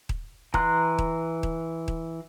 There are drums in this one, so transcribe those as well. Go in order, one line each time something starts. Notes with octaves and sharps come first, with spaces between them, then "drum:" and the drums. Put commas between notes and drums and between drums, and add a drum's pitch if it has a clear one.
drum: kick D#1
E3 A#5 C6 F#6, drum: kick D#1
drum: kick D#1
drum: kick D#1
drum: kick D#1